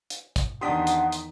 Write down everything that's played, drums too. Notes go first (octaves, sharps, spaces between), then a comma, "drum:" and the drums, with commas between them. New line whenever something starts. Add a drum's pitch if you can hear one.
drum: hi-hat
drum: kick, hi-hat
E2 D#3 D4 G4 F#5 C6 D#6 B6
drum: hi-hat
drum: hi-hat